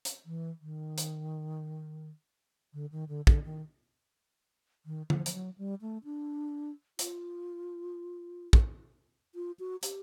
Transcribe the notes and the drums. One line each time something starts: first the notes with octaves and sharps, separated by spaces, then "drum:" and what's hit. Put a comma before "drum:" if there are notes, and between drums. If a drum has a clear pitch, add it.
drum: hi-hat
E3
D#3
drum: hi-hat
D3
D#3
D3
D3, drum: kick
D#3
D#3
F3, drum: tom D3
F3, drum: hi-hat
F#3
G3
A3
D4
F4, drum: hi-hat
drum: kick
F4
F#4
G4, drum: hi-hat